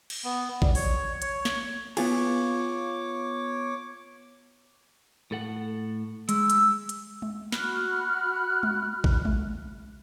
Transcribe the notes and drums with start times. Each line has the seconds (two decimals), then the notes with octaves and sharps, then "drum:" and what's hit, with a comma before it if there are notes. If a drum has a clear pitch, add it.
0.10 drum: cymbal
0.24 B3
0.62 G3, drum: kick A#1
0.75 C#5, drum: open hi-hat
1.22 C#5, drum: hi-hat
1.45 drum: snare
1.97 B3 F4 G#4 C#5 D6, drum: cymbal
5.31 A2 A4 F#5
6.29 G#3 E6, drum: hi-hat
6.50 drum: hi-hat
6.89 drum: hi-hat
7.22 drum: tom G#3
7.52 F#4 B5 F6 F#6, drum: snare
8.63 drum: tom G#3
9.04 drum: kick A#1
9.25 drum: tom G#3